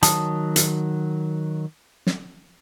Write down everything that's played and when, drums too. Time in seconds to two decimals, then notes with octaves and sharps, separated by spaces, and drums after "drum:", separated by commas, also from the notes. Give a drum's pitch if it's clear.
0.03 D#3 F#3 A5 D#6, drum: hi-hat
0.56 drum: hi-hat
2.07 drum: snare